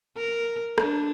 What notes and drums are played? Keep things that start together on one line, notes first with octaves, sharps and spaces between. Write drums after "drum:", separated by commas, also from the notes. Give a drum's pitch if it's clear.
A#4
D4, drum: rim click